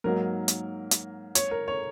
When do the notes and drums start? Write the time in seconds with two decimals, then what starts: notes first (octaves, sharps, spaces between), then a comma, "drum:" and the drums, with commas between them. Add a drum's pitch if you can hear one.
0.04 G#2 F#3 A#3 D#4 A#4
0.48 drum: hi-hat
0.91 drum: hi-hat
1.35 C#5, drum: hi-hat
1.51 A#4
1.68 C#5